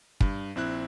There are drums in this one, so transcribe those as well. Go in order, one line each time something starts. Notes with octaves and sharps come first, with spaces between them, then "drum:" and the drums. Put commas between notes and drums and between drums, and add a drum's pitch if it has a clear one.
G2, drum: kick
A#1 C4 E4 F#6